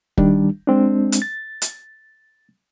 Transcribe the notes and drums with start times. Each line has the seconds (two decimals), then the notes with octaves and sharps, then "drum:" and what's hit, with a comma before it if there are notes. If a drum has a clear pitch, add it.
0.17 D#3 G3 D4, drum: kick
0.67 G#3 C4 D4
1.12 drum: hi-hat
1.22 A6
1.62 drum: hi-hat